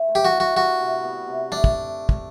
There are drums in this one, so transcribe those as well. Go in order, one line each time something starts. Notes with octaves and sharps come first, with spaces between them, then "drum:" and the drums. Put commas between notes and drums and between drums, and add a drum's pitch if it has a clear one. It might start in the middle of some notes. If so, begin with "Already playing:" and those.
Already playing: E3 C4 E4
A3
G4
F#4
A2
F#4
G3 F#4
C3
B3
C3
A3 D4
drum: kick
drum: kick